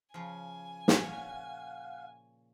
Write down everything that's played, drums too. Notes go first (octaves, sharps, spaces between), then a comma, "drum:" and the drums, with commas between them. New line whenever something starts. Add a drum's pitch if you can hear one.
C#3 F3 G#5
drum: snare
A#2 C#5 F5 F#5